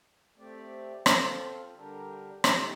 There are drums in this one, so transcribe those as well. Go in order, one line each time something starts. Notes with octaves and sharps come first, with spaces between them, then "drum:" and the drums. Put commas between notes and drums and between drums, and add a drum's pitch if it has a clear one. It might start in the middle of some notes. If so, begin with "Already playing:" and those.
A3 C4 G4 D5
C4 F4 A4 C5 F5, drum: rim click
D3 G3 D4 G4 A#4
A3 D#4 G4, drum: rim click